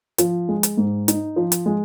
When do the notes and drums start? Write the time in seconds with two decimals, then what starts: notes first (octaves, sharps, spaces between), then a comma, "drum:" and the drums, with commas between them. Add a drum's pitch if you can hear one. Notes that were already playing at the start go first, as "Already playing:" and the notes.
0.18 F3, drum: hi-hat
0.49 G#3
0.63 drum: hi-hat
0.77 G#2
1.08 D#4, drum: hi-hat
1.36 F3
1.52 drum: hi-hat
1.66 G#3